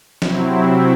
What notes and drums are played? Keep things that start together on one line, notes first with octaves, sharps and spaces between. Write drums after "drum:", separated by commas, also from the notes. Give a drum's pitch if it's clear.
C3 F#3 C4 E4, drum: snare